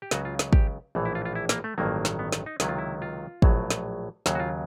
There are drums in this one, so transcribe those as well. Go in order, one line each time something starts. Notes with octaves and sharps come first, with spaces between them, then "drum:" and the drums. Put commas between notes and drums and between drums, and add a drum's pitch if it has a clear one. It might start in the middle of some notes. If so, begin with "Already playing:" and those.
G4
C#2 C#3 F#3 F#4, drum: snare
F4
drum: snare
G4, drum: kick
A#1 A2 E3
E4
F4
F4
E4
A#3, drum: snare
A3
A1 G2 D#3 F#3 A#3
drum: snare
B3
drum: snare
D#4
C#2 C3 D#3 F#3 E4, drum: snare
F4
E4
F4
A#1 A2 F#3, drum: kick
drum: snare
D#2 C#3 F#3, drum: snare
F#4
F4